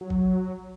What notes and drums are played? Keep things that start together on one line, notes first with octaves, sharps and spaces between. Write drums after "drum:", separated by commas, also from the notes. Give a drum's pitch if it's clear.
F#3
drum: kick G#1